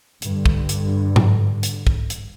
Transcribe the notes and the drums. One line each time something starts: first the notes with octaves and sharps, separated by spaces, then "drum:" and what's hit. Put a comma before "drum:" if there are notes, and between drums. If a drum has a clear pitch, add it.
G2 D3, drum: hi-hat
drum: kick
drum: hi-hat
drum: tom G#2
drum: hi-hat
drum: kick
drum: hi-hat